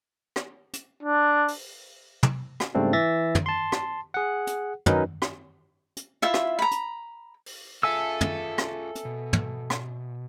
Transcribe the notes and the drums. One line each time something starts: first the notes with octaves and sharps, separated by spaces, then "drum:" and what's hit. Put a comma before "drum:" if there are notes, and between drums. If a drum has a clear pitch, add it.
drum: rim click
drum: hi-hat
D4
drum: open hi-hat
drum: tom
drum: rim click
G#2 C#3 G3 A3 C4 D4
E3 E5 A6 A#6
drum: tom
A5 C6
drum: rim click
G#4 F#5
drum: hi-hat
F#3 C#4 D#4 A#4 B4, drum: tom
drum: rim click
drum: hi-hat
E4 F4 E5
drum: rim click
A#5 B5
drum: hi-hat
drum: open hi-hat
F4 G#4 A4 E5 F5 G#5 E6
drum: tom
drum: rim click
drum: hi-hat
B2
drum: tom
drum: rim click